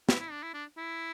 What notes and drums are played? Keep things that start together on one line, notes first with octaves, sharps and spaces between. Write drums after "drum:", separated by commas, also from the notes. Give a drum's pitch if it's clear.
E4, drum: snare
E4
D4
E4
D4
E4